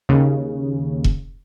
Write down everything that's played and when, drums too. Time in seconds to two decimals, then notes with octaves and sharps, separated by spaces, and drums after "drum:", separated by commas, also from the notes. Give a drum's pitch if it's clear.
0.09 D#2 C#3
1.04 drum: kick E1